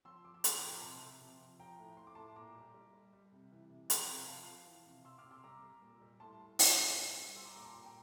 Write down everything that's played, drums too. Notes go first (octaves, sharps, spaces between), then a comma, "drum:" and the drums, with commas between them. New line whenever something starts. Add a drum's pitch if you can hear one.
F3 C6 E6
F3 D6
E6
A2 D6 F6, drum: hi-hat
G5 A#5
F3
G5 A#5
C3 A5 C6
F3
C3
F3
F3 G5 A#5
A2
A2 C6
D6
A2 A5 C6
A#2 A#5 D6
G3
G3
G3
G3
C3
E3
C3
F3 G5 A#5, drum: hi-hat
C3
F3 F5 A5
F3
E3
C3
C3 C6 E6
D6 F6
C3
C6 E6
G3 A#5 D6
G3
A#2
G3
A2 A5 C6
A2
A2, drum: open hi-hat
A2
G3
G3
G3 C6 E6
A#5 D6
A#2 A#5 D6
A5 C6
A#2 G5 A#5
G5